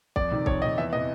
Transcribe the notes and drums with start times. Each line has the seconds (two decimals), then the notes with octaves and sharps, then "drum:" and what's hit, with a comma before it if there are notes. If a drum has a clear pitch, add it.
0.16 F2 D5, drum: kick C2
0.32 C3 D#3
0.46 F2 C#5, drum: kick C2
0.62 C3 D#3 D#5
0.78 E2 E5
0.93 C3 E3 D#5